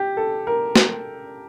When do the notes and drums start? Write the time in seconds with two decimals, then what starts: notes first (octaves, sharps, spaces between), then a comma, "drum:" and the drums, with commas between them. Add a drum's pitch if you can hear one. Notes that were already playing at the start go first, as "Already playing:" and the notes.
Already playing: G4
0.17 A4
0.47 A#4
0.76 drum: snare